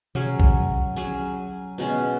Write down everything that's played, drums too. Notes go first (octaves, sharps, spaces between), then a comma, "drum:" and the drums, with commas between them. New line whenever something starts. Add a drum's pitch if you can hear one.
F#3 C#4 G#4, drum: tom B2
drum: kick
F#3 C#4 G#4, drum: hi-hat
B2 G#3 C#4, drum: open hi-hat